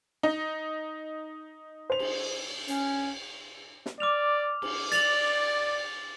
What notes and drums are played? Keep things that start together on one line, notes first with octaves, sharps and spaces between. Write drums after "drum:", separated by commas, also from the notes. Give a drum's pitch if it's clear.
D#4
C5 F7
drum: cymbal
C#4, drum: hi-hat
drum: snare
D5 D6 F6 F7
drum: cymbal
D5 A6 F7 F#7, drum: hi-hat